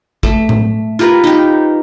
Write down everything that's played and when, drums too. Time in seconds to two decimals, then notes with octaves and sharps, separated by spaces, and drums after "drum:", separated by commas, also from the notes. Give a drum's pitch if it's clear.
0.23 A3 D6, drum: kick
0.49 drum: tom A2
0.99 F4 G4 A#4 B4
1.24 D#4 G4